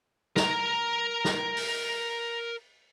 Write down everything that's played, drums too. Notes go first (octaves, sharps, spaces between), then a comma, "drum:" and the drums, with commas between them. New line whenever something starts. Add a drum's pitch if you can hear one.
A#4 A#5, drum: snare
drum: snare
drum: open hi-hat